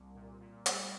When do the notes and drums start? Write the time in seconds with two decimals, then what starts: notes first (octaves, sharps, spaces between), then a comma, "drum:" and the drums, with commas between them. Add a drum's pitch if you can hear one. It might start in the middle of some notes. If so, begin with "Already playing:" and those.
Already playing: C2 G3 A#3
0.15 A#2
0.41 A#2
0.66 G3 A3, drum: hi-hat